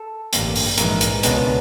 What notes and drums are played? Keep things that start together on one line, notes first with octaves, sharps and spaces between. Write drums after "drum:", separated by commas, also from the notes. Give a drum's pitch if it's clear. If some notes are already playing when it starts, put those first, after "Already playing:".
Already playing: A4
A1 G2 D3 G3 A#3, drum: hi-hat
drum: open hi-hat
A#1 G#2 E3 G#3 A#4, drum: hi-hat
drum: hi-hat
C#2 B2 G#3 B3 D4, drum: hi-hat